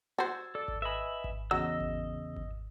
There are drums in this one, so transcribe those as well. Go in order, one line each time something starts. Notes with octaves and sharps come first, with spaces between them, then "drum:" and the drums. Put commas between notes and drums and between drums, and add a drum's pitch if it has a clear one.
F#4 C5 E6 G#6 A6
A4 D5
drum: kick G#1
B4 D#5 E5 G#5 B5
drum: kick G#1
E2 C#3 F#3 D#5 E6
drum: kick G#1
drum: kick G#1